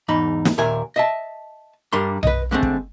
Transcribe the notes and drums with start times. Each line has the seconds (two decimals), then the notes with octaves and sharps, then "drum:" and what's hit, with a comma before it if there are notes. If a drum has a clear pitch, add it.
0.08 E2 G#2 D#4 B5
0.45 drum: snare
0.58 D#2 A#2 A#4 E5 G#5
0.96 D#5 E5 A5
1.93 G2 G3 D4 A#4 C6
2.23 B4 D#5, drum: tom B1
2.51 D3 G#3 A3 C4
2.63 drum: kick